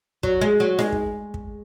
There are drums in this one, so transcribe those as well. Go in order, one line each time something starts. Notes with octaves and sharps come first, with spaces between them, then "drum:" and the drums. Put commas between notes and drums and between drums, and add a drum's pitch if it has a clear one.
F#3, drum: kick
G#3
F#3
G#3, drum: snare D#4
drum: kick
drum: kick